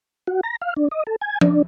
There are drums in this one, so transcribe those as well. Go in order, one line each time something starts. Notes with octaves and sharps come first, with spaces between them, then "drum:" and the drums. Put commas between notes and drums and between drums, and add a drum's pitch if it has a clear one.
F#4
A#5
F5
D4
D#5
A4
G#5
D4, drum: tom F3